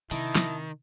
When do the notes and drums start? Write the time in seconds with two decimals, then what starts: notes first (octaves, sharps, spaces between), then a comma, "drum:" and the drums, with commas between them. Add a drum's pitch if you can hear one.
0.11 C3 D#3 E4 D#5 A5, drum: hi-hat
0.35 drum: snare